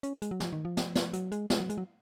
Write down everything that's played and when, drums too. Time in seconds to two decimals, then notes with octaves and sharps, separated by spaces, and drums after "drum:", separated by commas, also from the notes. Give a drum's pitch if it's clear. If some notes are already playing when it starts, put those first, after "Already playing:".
0.03 C#4, drum: hi-hat
0.22 G#3, drum: hi-hat
0.31 F#3
0.40 F3, drum: snare
0.53 D#3
0.65 F3
0.77 drum: snare
0.95 drum: snare
1.13 F#3, drum: hi-hat
1.32 G#3, drum: hi-hat
1.50 G#3, drum: snare
1.60 F#3
1.70 G#3, drum: hi-hat
1.78 F#3